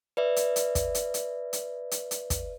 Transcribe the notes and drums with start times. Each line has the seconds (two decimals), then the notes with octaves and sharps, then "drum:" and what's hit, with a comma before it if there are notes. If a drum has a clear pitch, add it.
0.17 B4 D5 E5
0.36 drum: hi-hat
0.56 drum: hi-hat
0.75 drum: kick, hi-hat
0.95 drum: hi-hat
1.14 drum: hi-hat
1.53 drum: hi-hat
1.91 drum: hi-hat
2.11 drum: hi-hat
2.30 drum: kick, hi-hat